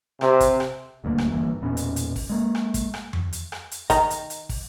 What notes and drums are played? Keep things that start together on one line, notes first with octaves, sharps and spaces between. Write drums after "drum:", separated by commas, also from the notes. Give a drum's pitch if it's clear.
C3, drum: rim click
drum: kick, hi-hat
drum: rim click
D#1 D2 G2 A#3
drum: rim click
G1 G2 E3 A#3
E1 A#2 B3 C#4
drum: hi-hat
drum: hi-hat
drum: kick, open hi-hat
G#3 A#3
drum: rim click
drum: kick, hi-hat
drum: rim click
drum: tom F2
drum: hi-hat
drum: rim click
drum: hi-hat
D#3 A#5, drum: kick, hi-hat
drum: hi-hat
drum: hi-hat
drum: kick, open hi-hat